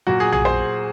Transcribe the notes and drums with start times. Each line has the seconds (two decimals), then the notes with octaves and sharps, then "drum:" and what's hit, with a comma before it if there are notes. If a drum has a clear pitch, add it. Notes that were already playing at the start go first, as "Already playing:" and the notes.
0.07 A#2 F#3 F#4
0.20 G#4
0.32 G#4, drum: tom A#1
0.45 C5